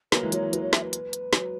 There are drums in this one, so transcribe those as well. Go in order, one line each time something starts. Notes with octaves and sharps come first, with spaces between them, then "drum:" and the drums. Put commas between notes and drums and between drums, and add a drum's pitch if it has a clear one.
F#3 A#3 B4, drum: snare
E3 G#3
F#3 C#5, drum: hi-hat
E3
F#3 B4, drum: hi-hat
C#5
E5, drum: snare
B4
drum: hi-hat
drum: hi-hat
F#3, drum: snare